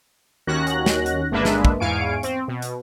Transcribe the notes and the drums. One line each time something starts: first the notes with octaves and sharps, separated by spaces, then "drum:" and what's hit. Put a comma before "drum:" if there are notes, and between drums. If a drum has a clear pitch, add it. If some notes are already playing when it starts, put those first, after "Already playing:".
D#2 D#3 C#4 F#4 F#6 A#6
drum: hi-hat
drum: snare
drum: hi-hat
G1 G#3 A#3 D4 B4 E5
drum: snare
drum: kick
E2 G#2 F5 G#5 C#6 D7
C4, drum: hi-hat
B2
drum: hi-hat